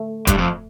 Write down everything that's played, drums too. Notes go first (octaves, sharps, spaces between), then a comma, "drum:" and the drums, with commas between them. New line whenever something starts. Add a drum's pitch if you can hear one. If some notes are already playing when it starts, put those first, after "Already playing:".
Already playing: A3
G2, drum: kick E1, hi-hat
F2